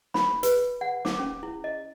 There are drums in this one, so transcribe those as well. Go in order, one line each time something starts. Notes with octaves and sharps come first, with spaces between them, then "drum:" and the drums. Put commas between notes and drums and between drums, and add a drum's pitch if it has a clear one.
B5, drum: snare
B4, drum: hi-hat
F#5
D6, drum: snare
C#4
E4
D#5